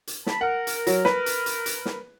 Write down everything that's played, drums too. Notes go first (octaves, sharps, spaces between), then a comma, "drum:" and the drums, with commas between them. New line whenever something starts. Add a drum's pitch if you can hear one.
drum: hi-hat
A5 B5, drum: snare
A#4 F#5
drum: hi-hat
F#3, drum: hi-hat
B4, drum: snare
drum: hi-hat
drum: hi-hat
drum: hi-hat
drum: snare